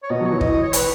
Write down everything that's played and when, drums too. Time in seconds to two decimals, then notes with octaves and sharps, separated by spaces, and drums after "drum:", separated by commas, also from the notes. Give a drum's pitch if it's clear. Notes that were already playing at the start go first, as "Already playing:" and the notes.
0.03 C#5
0.10 B2 D#5
0.21 F#3
0.26 C#5
0.31 E3
0.41 D#5, drum: kick
0.52 D#5
0.62 C#5
0.73 B4, drum: hi-hat